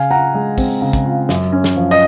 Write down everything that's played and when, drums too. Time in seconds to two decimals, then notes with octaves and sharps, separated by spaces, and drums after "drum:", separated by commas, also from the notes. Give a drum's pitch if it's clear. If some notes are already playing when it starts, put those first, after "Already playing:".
Already playing: C#3 F5 G#5
0.11 F4 F#5 A#5
0.34 G#3
0.58 C4, drum: kick, open hi-hat
0.82 C#3
0.93 drum: kick, hi-hat
1.06 F4
1.29 F#2, drum: snare
1.52 C#4
1.64 drum: snare
1.76 F3
1.91 D#5